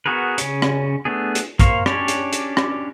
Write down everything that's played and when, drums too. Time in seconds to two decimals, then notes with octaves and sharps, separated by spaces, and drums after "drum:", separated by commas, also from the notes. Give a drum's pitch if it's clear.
0.06 B3 F#4 G#4 A#4 B4
0.38 C#3 C#4, drum: hi-hat
0.62 drum: rim click
1.05 A3 B3 D4 G#4
1.35 drum: hi-hat
1.59 A#3 A#4 C5 F5 C#6, drum: kick, hi-hat
1.86 C#4 D4 G4 C#5 D5, drum: rim click
2.08 drum: hi-hat
2.33 drum: hi-hat
2.57 drum: rim click